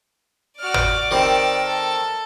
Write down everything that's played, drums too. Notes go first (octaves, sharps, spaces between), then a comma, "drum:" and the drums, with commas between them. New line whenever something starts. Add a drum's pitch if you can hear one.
F#4 D5 D6 F6
drum: tom
D#3 G3 C4 A#4 E6
A4